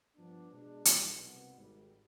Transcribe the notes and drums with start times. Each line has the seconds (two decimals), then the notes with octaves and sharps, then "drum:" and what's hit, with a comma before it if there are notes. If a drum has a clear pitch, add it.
0.17 G2 F3 B3 D4
0.51 B2 G#3 D4
0.85 B1 B2 G#3, drum: hi-hat
1.20 C2 B2 B3
1.55 G#1 G#2 G3